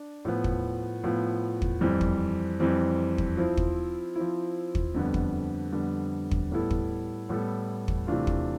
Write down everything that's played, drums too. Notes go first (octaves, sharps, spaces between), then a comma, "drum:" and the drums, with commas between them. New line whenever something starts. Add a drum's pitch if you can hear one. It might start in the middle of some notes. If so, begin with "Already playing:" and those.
Already playing: D4
A2 F3 B3
drum: kick
A2 F3 B3
drum: kick
F2 E3 G3 C4
drum: kick
F2 E3 G3 C4
drum: kick
F3 C4 E4
drum: kick
F3 C4 E4
drum: kick
F2 D3 G3 B3
drum: kick
F2 D3 G3 B3
drum: kick
A2 G3 B3 E4 A4
drum: kick
A2 G3 B3 E4 A4
drum: kick
C3 E3 A3 D4 F4
drum: kick